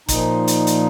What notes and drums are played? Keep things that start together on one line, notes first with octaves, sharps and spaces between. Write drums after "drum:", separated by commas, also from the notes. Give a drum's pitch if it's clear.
A#2 F3 D#4, drum: kick G1, hi-hat
drum: hi-hat
drum: hi-hat